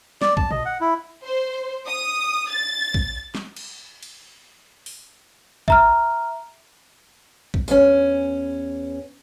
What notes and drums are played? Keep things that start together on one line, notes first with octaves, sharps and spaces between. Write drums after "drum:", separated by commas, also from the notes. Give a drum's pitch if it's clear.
D5, drum: snare
A5, drum: kick
D#5, drum: tom A#2
F#5
E4
C5
D#6
A6
drum: kick
drum: snare
drum: cymbal
drum: cymbal
drum: open hi-hat
E5 A#5 F6, drum: kick
drum: kick
E2 C#4, drum: tambourine